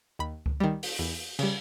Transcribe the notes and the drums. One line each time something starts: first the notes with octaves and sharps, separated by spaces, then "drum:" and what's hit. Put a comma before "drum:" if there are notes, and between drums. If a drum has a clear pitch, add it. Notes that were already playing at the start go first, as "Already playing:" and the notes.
D#2 B5
drum: kick C#2
D#3 G3
drum: open hi-hat
E2
C#3 G3, drum: cymbal